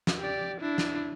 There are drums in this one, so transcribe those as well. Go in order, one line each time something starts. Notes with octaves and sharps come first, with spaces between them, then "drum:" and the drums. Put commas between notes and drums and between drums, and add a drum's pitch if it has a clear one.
drum: snare
G4 D5
D4 E4
drum: snare